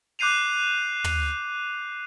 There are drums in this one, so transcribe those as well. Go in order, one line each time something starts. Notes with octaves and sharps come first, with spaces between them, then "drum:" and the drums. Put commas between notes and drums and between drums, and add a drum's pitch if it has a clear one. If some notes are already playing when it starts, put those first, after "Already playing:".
D6 F#6 G6 C7 D#7 F7
drum: tom